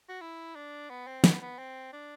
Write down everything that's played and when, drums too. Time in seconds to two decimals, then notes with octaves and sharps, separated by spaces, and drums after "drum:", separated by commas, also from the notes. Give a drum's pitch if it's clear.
0.09 F#4
0.21 E4
0.56 D4
0.89 B3
1.07 C4
1.24 B3, drum: snare
1.41 B3
1.58 C4
1.92 D4